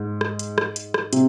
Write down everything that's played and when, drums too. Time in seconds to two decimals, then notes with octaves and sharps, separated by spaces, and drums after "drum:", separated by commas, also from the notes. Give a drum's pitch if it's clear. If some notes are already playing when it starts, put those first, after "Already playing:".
Already playing: G#2
0.21 drum: rim click
0.39 drum: hi-hat
0.58 drum: rim click
0.76 drum: hi-hat
0.94 drum: rim click
1.13 C3, drum: hi-hat